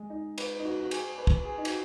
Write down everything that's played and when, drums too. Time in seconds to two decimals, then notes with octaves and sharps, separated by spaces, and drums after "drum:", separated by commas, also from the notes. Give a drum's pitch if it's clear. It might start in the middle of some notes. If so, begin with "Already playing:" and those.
Already playing: G#3
0.10 D#4
0.38 B4, drum: cymbal
0.59 D#4
0.65 F#4
0.80 F#4
0.91 G#4, drum: cymbal
1.18 B4
1.27 drum: kick
1.45 G#4
1.58 D#4
1.65 F#4, drum: cymbal